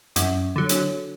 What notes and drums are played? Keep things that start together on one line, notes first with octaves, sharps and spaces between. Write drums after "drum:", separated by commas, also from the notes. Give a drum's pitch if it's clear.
F#2, drum: hi-hat
D3 F#3
drum: hi-hat